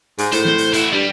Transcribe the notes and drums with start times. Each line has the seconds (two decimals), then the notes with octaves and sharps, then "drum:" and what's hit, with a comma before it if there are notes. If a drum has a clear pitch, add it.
0.18 G#2, drum: hi-hat
0.32 A2 C5, drum: hi-hat
0.45 drum: snare
0.58 drum: hi-hat
0.73 E4 F#4, drum: hi-hat
0.92 G2 G3